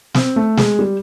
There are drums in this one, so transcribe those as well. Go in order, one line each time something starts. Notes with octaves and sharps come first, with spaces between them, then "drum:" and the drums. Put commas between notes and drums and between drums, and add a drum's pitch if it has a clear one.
C4, drum: snare
A3
G#3, drum: snare
G3